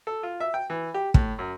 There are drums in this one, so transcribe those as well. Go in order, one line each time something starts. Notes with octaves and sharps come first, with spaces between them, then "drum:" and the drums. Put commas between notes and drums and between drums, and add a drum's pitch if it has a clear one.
A4
F4
E5
G5
E3
G4
A2, drum: kick
F#2